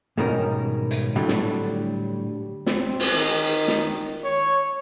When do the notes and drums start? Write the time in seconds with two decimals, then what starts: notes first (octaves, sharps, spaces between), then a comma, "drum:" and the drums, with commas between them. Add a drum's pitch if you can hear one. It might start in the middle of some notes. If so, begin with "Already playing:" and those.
0.17 G#2 B2 D#3 G3 C#4 A#4
0.91 drum: hi-hat
1.16 A2 D3 F#3 G3
1.28 drum: snare
2.66 C4, drum: snare
3.00 drum: open hi-hat
3.14 D#3
3.68 drum: snare
4.24 C#5